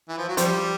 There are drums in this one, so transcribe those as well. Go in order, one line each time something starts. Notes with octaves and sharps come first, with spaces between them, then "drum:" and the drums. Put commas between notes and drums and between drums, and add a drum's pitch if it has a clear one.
E3
F3
F#3
F3 G3, drum: hi-hat